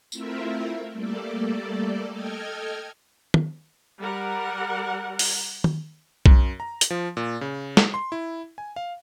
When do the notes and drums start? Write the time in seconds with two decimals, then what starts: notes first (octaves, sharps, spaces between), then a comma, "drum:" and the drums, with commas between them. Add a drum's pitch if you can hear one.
0.12 A3 C4 E4 F4 A#4 E5, drum: tambourine
0.92 G3 A3 A#3 A4 D5
2.10 A4 D#5 G5 F6 G#6
3.34 drum: tom
3.99 G3 A#4 F#5
5.19 drum: open hi-hat
5.64 drum: tom D#3
6.26 F#2, drum: kick B1
6.60 A#5
6.81 drum: hi-hat
6.90 F3
7.17 A#2
7.41 C#3
7.77 drum: snare
7.94 C6
8.12 E4
8.58 G#5
8.76 F5